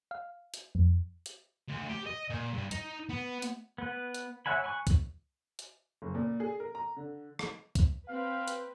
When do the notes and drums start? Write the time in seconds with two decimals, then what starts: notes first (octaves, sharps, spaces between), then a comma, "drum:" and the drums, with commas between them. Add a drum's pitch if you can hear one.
0.11 F5
0.54 drum: hi-hat
0.75 F2
1.26 drum: hi-hat
1.69 D2
1.89 G4
2.07 D#5
2.30 A#2
2.53 G2
2.71 D#4, drum: hi-hat
3.09 B3
3.42 drum: hi-hat
3.78 B3 B4
4.15 drum: hi-hat
4.46 C#5 E5 F#5 G#5 B5
4.64 G#5 B5 C#6 F#6
4.87 drum: kick, hi-hat
5.59 drum: hi-hat
6.02 F#1
6.15 A#2
6.40 G#4
6.60 A#4
6.75 A#5
6.97 D3
7.39 drum: rim click
7.75 drum: kick, hi-hat
8.08 C4 B4 F5
8.48 drum: hi-hat